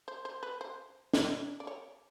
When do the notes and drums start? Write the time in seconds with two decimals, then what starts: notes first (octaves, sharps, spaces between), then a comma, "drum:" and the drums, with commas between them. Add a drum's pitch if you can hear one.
0.08 C5
0.25 C5
0.43 B4
0.61 C5
1.14 C5, drum: snare
1.60 D5
1.67 C#5